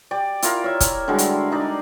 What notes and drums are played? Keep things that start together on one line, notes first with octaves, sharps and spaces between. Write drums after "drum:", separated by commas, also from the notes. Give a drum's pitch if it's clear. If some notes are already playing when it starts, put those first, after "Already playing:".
G4 D5
E4 F4 A#4, drum: hi-hat
C#5 E5
drum: kick, hi-hat
D3 G3 G#3 F#4
drum: hi-hat
D#4 D5